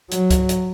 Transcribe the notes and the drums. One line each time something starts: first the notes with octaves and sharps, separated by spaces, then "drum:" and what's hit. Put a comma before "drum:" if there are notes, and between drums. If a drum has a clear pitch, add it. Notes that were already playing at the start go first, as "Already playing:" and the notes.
F#3, drum: hi-hat
drum: kick C#2, hi-hat
drum: hi-hat